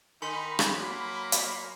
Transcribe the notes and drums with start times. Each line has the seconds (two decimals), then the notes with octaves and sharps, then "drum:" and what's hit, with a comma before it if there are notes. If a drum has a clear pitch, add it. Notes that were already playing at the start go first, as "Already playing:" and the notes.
0.22 D#3 D#4 G#5 B5 C6 C#7
0.59 drum: rim click
0.75 F#3 A#3
1.32 drum: hi-hat